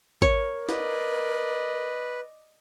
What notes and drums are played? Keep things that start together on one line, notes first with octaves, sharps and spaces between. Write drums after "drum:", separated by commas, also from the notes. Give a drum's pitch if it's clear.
A#4 C#5, drum: kick A1
B4 D5 D#5, drum: snare